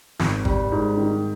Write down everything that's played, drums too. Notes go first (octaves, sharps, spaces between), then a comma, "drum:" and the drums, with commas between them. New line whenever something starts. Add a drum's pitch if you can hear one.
G#1, drum: snare
G3, drum: kick
G#2
D#3